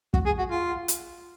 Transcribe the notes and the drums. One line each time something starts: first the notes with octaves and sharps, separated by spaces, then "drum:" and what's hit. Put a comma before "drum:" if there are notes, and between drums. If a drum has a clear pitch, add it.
F#4, drum: kick
G#4
F#4
F4
drum: hi-hat